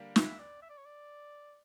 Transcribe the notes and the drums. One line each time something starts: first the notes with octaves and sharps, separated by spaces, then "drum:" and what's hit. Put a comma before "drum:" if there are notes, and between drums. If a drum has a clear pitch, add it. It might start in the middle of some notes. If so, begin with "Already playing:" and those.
Already playing: D3 G3 A#3 D4 G4
E5, drum: snare
D5
E5
D5
C#5
D5